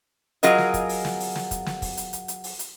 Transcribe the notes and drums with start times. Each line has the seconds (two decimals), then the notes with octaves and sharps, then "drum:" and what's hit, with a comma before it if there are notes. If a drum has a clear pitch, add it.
0.43 F#3 F4 G#4 A#4 D#5, drum: hi-hat
0.58 drum: snare
0.74 drum: kick, hi-hat
0.89 drum: open hi-hat
1.05 drum: snare
1.20 drum: open hi-hat
1.36 drum: snare
1.51 drum: kick, hi-hat
1.66 drum: snare
1.82 drum: kick, open hi-hat
1.97 drum: hi-hat
2.13 drum: hi-hat
2.28 drum: hi-hat
2.44 drum: open hi-hat
2.59 drum: hi-hat